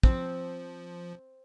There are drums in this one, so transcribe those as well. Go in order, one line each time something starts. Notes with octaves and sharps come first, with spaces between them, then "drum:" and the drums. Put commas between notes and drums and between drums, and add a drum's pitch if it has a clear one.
F3 C4, drum: kick